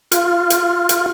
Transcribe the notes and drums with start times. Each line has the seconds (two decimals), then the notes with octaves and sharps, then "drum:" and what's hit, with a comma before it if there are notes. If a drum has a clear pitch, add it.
0.12 F4, drum: hi-hat
0.50 drum: hi-hat
0.89 drum: hi-hat